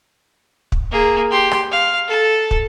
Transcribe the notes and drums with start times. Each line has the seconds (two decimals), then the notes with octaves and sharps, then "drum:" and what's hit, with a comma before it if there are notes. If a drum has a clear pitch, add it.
0.72 drum: kick
0.91 A#3 G#4
1.31 G4 C6
1.52 drum: rim click
1.71 F5
2.08 A4 A5
2.51 drum: kick